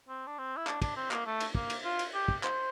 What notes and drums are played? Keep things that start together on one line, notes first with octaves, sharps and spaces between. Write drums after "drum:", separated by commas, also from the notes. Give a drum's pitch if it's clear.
C4
D4
C4
E4
D4, drum: clap
D4, drum: kick, cymbal
C4
A#3, drum: clap
A3
drum: cymbal
A#3, drum: kick
drum: cymbal
F4
drum: cymbal
G4
drum: kick
C5, drum: clap